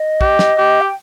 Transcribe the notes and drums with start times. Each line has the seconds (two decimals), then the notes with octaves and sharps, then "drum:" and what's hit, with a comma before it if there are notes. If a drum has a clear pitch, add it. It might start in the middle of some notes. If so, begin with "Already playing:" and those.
Already playing: D#5
0.21 G4, drum: kick
0.39 drum: snare
0.58 G4
0.81 G5